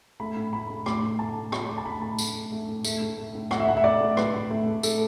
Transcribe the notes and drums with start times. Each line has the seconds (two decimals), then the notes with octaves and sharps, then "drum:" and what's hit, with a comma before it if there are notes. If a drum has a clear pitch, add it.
0.20 A3 B5
0.36 A2
0.53 A3 B5
0.70 A2
0.86 A3 D6, drum: rim click
1.03 A2
1.19 A3 A5
1.36 A2
1.52 A3 B5, drum: rim click
1.69 A2 D6
1.78 A5
1.85 A3 B5
2.02 A2 A5
2.19 A3, drum: tambourine
2.35 A2
2.52 A3
2.68 A2
2.85 A3, drum: tambourine
3.01 A2
3.18 A3
3.35 A2
3.51 A3 F#5, drum: rim click
3.60 E5
3.67 A2 F#5
3.77 E5
3.84 A3 D5
4.01 A2
4.17 A3 B4, drum: rim click
4.34 A2
4.50 A3
4.66 A2
4.83 A3 A4, drum: tambourine